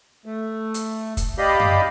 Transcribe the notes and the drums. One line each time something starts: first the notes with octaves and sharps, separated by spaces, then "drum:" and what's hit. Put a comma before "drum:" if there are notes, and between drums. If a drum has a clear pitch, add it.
A3
drum: hi-hat
drum: kick, hi-hat
G4 D5 D#5 F5 B5 G6
drum: tom F#2